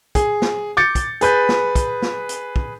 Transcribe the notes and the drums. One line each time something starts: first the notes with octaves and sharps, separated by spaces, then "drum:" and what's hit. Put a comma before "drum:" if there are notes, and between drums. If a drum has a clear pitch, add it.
G#4, drum: kick, hi-hat
drum: snare
D6 G6 A6 C#7
drum: kick, hi-hat
G#4 B4 G6, drum: hi-hat
drum: snare
drum: kick, hi-hat
drum: snare
drum: hi-hat
drum: kick